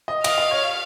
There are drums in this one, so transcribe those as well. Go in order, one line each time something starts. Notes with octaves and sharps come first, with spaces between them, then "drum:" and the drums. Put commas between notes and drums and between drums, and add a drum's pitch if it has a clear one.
D#5
D#5 F5, drum: cymbal
D#5
C#5